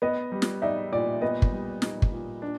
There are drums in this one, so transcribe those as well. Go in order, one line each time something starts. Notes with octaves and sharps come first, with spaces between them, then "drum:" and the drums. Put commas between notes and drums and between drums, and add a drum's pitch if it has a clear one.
B3 D#5
G3
drum: snare
D#4 D5 E5
A#2 D5
B3 D#5
drum: kick
G3
D#4, drum: snare
drum: kick
A#2
D4